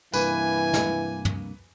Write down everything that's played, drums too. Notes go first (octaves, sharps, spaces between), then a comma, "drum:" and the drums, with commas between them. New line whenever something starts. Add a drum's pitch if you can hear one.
G2 C3 E3 A#3 B4 G#5, drum: tambourine
drum: snare
drum: tom